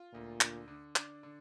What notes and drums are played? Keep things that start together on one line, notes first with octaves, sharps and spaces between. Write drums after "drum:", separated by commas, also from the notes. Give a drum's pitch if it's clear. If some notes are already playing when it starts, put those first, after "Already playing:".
Already playing: F4
D2 A#2
D3, drum: clap
D3
D4, drum: clap
D3